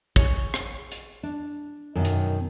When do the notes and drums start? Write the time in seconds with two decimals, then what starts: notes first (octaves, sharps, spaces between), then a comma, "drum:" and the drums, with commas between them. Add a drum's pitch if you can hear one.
0.16 G#4 C#5, drum: kick, hi-hat
0.54 drum: rim click
0.92 drum: hi-hat
1.23 D4
1.95 F#2 B2 D#3
2.05 drum: hi-hat